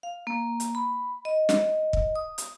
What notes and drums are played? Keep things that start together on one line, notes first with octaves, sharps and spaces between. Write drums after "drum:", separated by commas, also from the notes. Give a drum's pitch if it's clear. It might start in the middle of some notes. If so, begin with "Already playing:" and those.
F5
A#3
drum: hi-hat
B5
D#5
drum: snare
drum: kick
D#6
drum: hi-hat